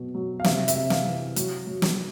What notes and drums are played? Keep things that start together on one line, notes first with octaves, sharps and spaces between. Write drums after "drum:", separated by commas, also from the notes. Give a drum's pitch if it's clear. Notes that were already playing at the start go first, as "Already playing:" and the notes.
Already playing: B2 F#3
F#3
F5
C3 E5, drum: snare
E5, drum: hi-hat
C3
F5, drum: snare
E3
F#3, drum: hi-hat
F#3
drum: snare